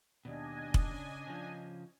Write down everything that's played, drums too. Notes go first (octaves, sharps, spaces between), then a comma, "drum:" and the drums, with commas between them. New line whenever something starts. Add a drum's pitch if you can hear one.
D#2 B2 D4 D#5 G#5
drum: kick
C#3
C#3 F3